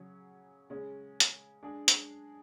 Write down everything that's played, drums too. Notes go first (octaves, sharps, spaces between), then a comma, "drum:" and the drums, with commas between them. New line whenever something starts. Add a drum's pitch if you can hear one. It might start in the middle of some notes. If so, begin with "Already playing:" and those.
Already playing: C#3 F#3 C#4 G#4
C#3 G#3 C#4
drum: hi-hat
G#3 D4 G#4
drum: hi-hat